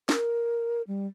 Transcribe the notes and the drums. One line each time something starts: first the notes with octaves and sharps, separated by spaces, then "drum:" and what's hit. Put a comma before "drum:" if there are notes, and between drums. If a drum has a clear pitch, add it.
A#4, drum: snare
G3